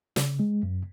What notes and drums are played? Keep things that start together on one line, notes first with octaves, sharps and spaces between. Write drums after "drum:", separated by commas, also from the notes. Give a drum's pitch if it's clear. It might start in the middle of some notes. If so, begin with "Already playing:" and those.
C#3, drum: snare
G#3
F#2